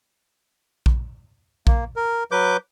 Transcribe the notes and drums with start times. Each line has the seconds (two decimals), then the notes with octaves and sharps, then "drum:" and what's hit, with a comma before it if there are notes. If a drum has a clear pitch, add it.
0.86 drum: kick A#1
1.67 A#3, drum: kick A#1
1.96 A#4
2.31 F#3 B4 D6 G6